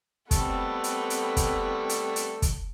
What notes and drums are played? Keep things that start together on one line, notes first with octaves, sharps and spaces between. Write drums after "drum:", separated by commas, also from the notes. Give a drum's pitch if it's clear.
G3 A3 B3 C4 A4, drum: kick, hi-hat
drum: hi-hat
drum: hi-hat
drum: kick, hi-hat
drum: hi-hat
drum: hi-hat
drum: kick, hi-hat